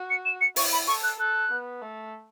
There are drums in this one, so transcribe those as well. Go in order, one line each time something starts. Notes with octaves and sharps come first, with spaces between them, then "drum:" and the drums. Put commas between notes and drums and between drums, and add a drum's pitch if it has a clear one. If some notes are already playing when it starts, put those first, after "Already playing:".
Already playing: F#4
C#7
E7
C#7
E4 C#6, drum: open hi-hat
B5
A4 C#6
F#6
A4 F#6
B3
A3